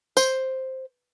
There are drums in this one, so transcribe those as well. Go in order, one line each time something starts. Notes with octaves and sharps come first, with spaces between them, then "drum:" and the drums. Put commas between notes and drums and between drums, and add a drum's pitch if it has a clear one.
C5, drum: tambourine